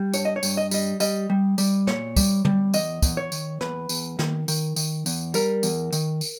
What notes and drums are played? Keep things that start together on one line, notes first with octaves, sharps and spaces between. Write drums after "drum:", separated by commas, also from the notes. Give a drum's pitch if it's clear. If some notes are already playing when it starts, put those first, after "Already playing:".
Already playing: G3
G2 C#5, drum: tambourine
D#5
C#5
G2, drum: tambourine
D#5
G3 D#5, drum: tambourine
G3 D#5, drum: tambourine
G3
G3, drum: tambourine
A#2 C#5, drum: snare
G3, drum: kick, tambourine
G3, drum: tom
E2 D#5, drum: tambourine
E2, drum: kick, tambourine
C#5
D#3, drum: tambourine
E2 B4, drum: snare
E2, drum: tambourine
D#3, drum: snare
D#3, drum: tambourine
D#3, drum: tambourine
E2, drum: tambourine
G3 A#4, drum: tambourine
E2, drum: tambourine
D#3, drum: tambourine
drum: tambourine